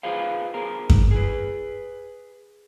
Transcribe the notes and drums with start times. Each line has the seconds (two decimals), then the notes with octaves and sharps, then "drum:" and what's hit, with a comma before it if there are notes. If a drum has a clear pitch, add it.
0.03 F4 G#4 B4 C5 F5
0.54 B3 G#4 A#4 C5
0.90 drum: kick F#2
1.11 G#4 B4